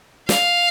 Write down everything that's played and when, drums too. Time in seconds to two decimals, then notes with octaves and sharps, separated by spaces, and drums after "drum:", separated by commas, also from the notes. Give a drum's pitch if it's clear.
0.29 F5, drum: snare